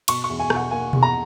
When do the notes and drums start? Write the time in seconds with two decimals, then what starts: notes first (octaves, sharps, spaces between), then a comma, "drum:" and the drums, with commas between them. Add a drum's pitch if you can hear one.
0.08 B2 C#6, drum: cymbal
0.24 C#6
0.29 E2
0.39 G#5
0.50 B2, drum: rim click
0.56 F#5
0.71 A#3 G#5
0.93 E2, drum: tom B2
1.03 A#5